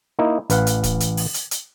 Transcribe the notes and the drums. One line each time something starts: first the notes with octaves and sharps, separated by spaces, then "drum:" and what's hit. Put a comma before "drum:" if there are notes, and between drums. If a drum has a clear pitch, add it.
A#3 D#4 E4
A1 B4 F5 F#5, drum: hi-hat
drum: hi-hat
drum: kick, hi-hat
drum: hi-hat
drum: open hi-hat
drum: hi-hat
drum: hi-hat